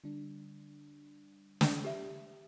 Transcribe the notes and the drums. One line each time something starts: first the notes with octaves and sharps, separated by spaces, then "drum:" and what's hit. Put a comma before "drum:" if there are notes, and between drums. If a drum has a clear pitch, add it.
D3 G3 D4
drum: snare
G4 E5